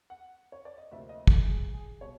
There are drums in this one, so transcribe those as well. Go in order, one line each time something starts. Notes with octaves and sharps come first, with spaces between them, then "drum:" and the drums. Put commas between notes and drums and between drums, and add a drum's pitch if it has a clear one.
F#5
C#5
D5
D#5
D2 C3 F3 A#3 E5
D#5
A4, drum: kick
G#4
G#4
B2 G3 C#5